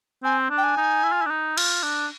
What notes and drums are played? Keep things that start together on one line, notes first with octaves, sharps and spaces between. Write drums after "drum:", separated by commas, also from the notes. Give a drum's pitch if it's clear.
C4 G#5
D4
G5
G#5
D#4
E4
F4
E4
D4
D#4
F4, drum: cymbal
D4